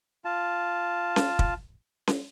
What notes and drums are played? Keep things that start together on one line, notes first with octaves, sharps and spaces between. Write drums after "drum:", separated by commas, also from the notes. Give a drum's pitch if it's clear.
F4 A5
drum: snare C#4
drum: kick
drum: snare C#4